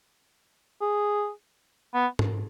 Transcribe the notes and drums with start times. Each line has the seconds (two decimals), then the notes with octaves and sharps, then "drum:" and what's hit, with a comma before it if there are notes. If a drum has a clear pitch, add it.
0.81 G#4
1.94 B3
2.19 drum: tom G#2